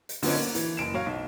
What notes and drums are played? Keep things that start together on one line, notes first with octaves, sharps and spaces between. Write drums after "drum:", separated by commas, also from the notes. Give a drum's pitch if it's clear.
drum: hi-hat
D3 F3 F#3 B3 C#4 D#4, drum: open hi-hat
A#3
E3, drum: hi-hat
F#1 D7 E7
F#3 C#5 F5
B1